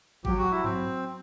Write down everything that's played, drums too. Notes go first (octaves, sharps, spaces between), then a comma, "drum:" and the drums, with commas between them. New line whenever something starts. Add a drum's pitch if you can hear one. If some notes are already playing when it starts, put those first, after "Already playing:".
F#3 G4, drum: kick G#1
F#4
E4
C4, drum: tom G2